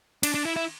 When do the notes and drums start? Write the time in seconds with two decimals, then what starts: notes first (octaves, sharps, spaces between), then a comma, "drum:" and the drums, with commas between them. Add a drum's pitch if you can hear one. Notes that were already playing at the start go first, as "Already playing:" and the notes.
0.23 D4, drum: cymbal
0.34 D4
0.45 E4
0.56 E4